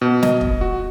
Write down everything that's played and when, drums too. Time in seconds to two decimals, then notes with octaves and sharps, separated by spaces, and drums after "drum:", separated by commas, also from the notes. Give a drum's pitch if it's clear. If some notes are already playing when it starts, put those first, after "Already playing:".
0.01 B2
0.23 D#5, drum: snare
0.41 drum: kick
0.61 F#4